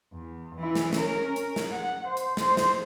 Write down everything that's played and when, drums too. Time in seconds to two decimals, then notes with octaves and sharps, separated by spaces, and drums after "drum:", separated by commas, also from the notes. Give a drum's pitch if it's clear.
0.13 E2
0.56 E3 E4
0.75 drum: snare
0.93 C#4 A#4, drum: snare
1.36 drum: hi-hat
1.56 drum: snare
1.72 F#5
2.08 C5
2.17 drum: hi-hat
2.37 C5, drum: snare
2.57 drum: snare